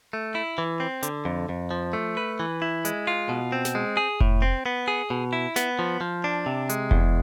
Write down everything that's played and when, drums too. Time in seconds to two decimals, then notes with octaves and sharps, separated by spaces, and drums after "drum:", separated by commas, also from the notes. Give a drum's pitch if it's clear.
0.13 A3
0.35 E4
0.58 E3
0.80 C4
1.03 D3, drum: hi-hat
1.25 F2
1.49 F2
1.71 F3
1.93 A3
2.17 B4
2.40 E3
2.62 E4
2.85 G#3, drum: hi-hat
3.07 F4
3.29 B2
3.52 C4
3.65 drum: snare
3.75 G#3
3.97 G#4
4.20 A2, drum: kick F1
4.42 C4
4.66 B3
4.88 G#4
5.10 B2
5.33 E4
5.56 B3, drum: snare
5.79 F3
6.01 F3
6.24 D4
6.46 C3
6.69 G#3, drum: hi-hat
6.91 E2, drum: kick F1